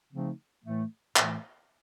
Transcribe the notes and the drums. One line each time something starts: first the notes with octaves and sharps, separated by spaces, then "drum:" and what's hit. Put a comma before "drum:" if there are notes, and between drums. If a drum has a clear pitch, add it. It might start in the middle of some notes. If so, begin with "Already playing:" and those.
C#3 F3 A3 C4 D#4
A2 E3 A3
A2 E3 A3, drum: clap